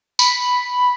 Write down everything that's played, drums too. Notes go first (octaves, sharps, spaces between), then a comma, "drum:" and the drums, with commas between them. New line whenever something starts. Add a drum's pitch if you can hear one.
B5, drum: tambourine